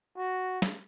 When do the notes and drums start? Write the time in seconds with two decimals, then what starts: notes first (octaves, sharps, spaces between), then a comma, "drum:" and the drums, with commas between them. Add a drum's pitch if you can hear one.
0.16 F#4
0.62 drum: snare